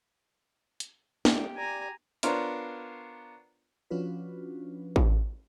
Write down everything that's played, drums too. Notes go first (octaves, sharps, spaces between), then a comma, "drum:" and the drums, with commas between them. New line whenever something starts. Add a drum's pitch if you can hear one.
drum: hi-hat
A3 E4 G4 D5, drum: snare
D5 G#5 A#5
B3 D4 F4 A#4 C5 C#5, drum: hi-hat
F3 C#4 D4 F4 F#4 B4
drum: kick A1